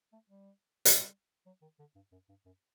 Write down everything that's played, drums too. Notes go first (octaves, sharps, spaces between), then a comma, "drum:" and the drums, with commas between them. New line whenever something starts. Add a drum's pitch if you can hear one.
A3
G3
drum: hi-hat
G3
F#3
D#3
D3
G2
F#2
G2
F#2